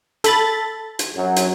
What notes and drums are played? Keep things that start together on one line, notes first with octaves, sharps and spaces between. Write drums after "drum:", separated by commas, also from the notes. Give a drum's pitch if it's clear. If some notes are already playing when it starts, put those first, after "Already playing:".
A4 B5 A6, drum: hi-hat
drum: hi-hat
F#2 F#3
drum: hi-hat